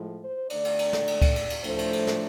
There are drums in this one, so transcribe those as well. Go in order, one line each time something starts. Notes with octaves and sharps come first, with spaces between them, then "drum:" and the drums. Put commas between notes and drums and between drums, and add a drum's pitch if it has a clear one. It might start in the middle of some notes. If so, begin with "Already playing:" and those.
Already playing: A2 F3 G#3
C5
D3 A3 D4 D5, drum: cymbal
drum: cymbal
drum: cymbal
drum: snare
drum: cymbal
drum: kick C#2, cymbal
drum: cymbal
drum: cymbal
A2 F3 A3 D4 C5, drum: cymbal
drum: cymbal
drum: cymbal
drum: snare